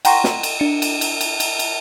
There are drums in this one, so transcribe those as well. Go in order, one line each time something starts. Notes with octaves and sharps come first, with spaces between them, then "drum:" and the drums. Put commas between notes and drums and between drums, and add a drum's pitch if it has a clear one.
F#5 G5 A#5 C6 C#6 A#6, drum: cymbal
drum: snare
drum: cymbal
D4 C#7
drum: cymbal
drum: cymbal
drum: cymbal
drum: cymbal
drum: cymbal